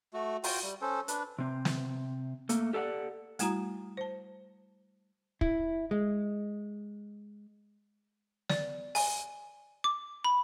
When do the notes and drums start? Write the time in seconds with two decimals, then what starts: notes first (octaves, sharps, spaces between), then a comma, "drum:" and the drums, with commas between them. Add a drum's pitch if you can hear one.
0.14 A3 F#4
0.44 F4 F#4 G5, drum: open hi-hat
0.63 G3
0.82 C#4 A4 C5
1.08 D4 B4, drum: hi-hat
1.39 C3 C4
1.65 drum: snare
2.49 A3 A#3, drum: hi-hat
2.73 G4 A4 D5 F5 F#5
3.39 G3 A3 E4 F#4 A#5, drum: hi-hat
3.97 C5 A5
5.41 E4, drum: kick
5.91 G#3
8.49 D5, drum: snare
8.95 G#5, drum: open hi-hat
9.84 D6
10.24 B5